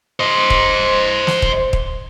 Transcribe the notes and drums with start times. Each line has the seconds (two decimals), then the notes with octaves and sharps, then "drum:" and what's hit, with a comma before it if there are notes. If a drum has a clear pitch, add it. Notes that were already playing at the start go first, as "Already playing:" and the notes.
0.20 C5 D#5
0.50 drum: kick
1.27 drum: snare
1.42 drum: kick
1.73 drum: kick